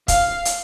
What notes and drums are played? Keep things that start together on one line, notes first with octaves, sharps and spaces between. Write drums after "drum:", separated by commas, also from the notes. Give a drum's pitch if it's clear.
F5, drum: kick, hi-hat
drum: hi-hat